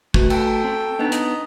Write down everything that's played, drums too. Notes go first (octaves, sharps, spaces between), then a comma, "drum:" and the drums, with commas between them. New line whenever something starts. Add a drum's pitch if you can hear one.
A3 F#4 B4, drum: kick
A4 G5, drum: cymbal
C4
B3 D4 D#4
D#5 A#5, drum: hi-hat